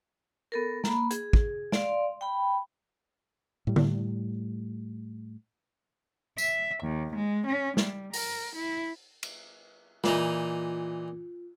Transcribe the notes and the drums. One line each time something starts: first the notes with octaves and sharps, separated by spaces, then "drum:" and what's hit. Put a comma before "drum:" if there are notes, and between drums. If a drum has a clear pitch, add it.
B3 A4 A#4
A#3 B5, drum: snare
G#4, drum: hi-hat
drum: kick
D5 F5 C6, drum: snare
G5 B5
A2 G3
drum: tom D3
E5, drum: tambourine
D#2
G#3
C#4
G3, drum: snare
A#4, drum: open hi-hat
E4
drum: cymbal
A#2 E3 D#4 F4, drum: snare